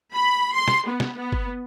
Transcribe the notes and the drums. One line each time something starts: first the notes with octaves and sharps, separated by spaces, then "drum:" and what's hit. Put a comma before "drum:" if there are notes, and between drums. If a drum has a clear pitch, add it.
B5
C6
drum: snare
B3
drum: snare
B3
drum: kick G1